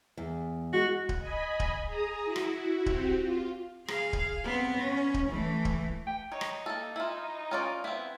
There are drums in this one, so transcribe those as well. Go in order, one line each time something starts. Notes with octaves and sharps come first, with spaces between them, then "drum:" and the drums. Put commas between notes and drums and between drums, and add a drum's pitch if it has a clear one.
E2
G#3 F#4
drum: kick D1
D#5 G#5 B5
drum: kick D1
G#4 A#5 D#6
E4 F#4
drum: rim click
C4 F#4 G4, drum: kick D1
F4
G#4 F5, drum: rim click
drum: kick D1
B3 C4
C#4
drum: kick D1
E3 A3
drum: kick D1
G5
D#4 C#5
drum: rim click
A#3 A4
E4 F4
C#4 F4 D5
B3 C4 E4